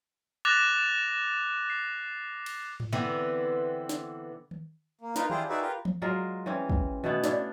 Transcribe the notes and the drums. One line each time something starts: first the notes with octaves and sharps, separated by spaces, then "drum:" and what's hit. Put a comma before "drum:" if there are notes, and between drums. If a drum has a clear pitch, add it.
D6 F#6 A6 A#6 F7
C7
drum: cymbal
drum: tom G#2
D3 E3 B3 C4
drum: snare
drum: tom D#3
A#3
D#4 F4 A#4 B4, drum: snare
D4 E4 F4 G4 G#4 C5, drum: tom D#3
D#4 F#4 G#4 B4 D5 E5
F4 G4 A#4 B4
drum: tom E3
F#3 G#3 F4 A#4
E3 C4 C#4
drum: kick
B2 A3 B3, drum: tom D#3
C#4 D4 E4, drum: snare